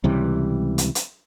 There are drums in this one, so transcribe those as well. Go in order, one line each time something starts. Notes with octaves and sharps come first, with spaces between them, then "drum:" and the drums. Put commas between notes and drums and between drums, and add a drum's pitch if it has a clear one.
C#2 C3 E3 G3
drum: hi-hat
drum: hi-hat